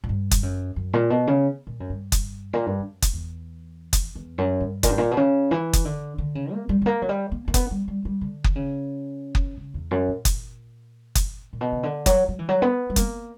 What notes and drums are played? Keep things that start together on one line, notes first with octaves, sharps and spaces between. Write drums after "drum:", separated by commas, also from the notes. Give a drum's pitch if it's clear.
A#2
G2
drum: kick F#1, hi-hat
F#2
F#2
A#2
B2
C#3
A#2
F#2
G2
drum: kick F#1, hi-hat
A#2
G2
F#2
drum: kick F#1, hi-hat
E2
drum: kick F#1, hi-hat
E2
F#2
G2
A#2, drum: kick F#1, hi-hat
G2
A#2
B2
C#3
E3
drum: kick F#1, hi-hat
D3
D3
C#3
A#3
G3
G3
A#3
F#3
G3
A#3
A#3
B3, drum: kick F#1, hi-hat
G3
G3
G3
D3
drum: kick F#1
C#3
drum: kick F#1
C#3
E2
F#2
A#2
drum: kick F#1, hi-hat
drum: kick F#1, hi-hat
A#2
B2
C#3
D3
F#3, drum: kick F#1, hi-hat
F#3
E3
F#3
B3
G3
A#3, drum: kick F#1, hi-hat